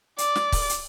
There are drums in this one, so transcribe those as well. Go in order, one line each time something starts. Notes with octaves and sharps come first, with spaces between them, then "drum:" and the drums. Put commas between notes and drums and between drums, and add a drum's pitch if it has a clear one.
D5, drum: hi-hat
drum: snare
drum: kick C#1, open hi-hat
drum: hi-hat